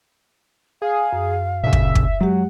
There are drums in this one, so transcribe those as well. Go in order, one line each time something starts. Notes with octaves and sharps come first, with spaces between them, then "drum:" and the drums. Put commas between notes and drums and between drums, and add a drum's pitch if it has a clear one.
G#4 F5
F#2
A#2 C#3 E5
drum: kick
drum: kick
F#3 G#3 G4 F#5